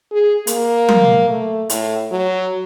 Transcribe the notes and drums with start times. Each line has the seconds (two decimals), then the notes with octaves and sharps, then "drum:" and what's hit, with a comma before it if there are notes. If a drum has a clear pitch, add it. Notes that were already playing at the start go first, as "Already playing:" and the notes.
0.11 G#4
0.47 A#3, drum: hi-hat
0.89 drum: tom F#3
1.29 A3
1.70 A2, drum: hi-hat
2.11 F#3